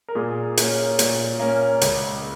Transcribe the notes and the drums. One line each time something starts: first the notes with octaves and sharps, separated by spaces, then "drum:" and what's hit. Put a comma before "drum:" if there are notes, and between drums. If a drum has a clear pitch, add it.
A#4
A#2 G#4
A#3 C#4, drum: hi-hat
A#2, drum: hi-hat
A#3 C#4
C#2, drum: hi-hat